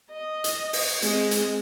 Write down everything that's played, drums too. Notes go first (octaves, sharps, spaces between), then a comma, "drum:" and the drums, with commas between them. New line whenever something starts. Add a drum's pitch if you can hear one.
D#5
drum: hi-hat
drum: open hi-hat
G#3 C4, drum: hi-hat
drum: hi-hat